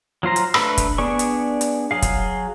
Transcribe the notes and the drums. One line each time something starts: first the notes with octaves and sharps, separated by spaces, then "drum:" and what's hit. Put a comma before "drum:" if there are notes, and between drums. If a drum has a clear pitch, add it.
F#3 F4 C5 A#5
drum: hi-hat
A3 D4 B4 B5 E6, drum: rim click
drum: kick, hi-hat
B3 D4 G#4 D5 C#6
drum: hi-hat
drum: hi-hat
F#3 G#4 F5
drum: kick, hi-hat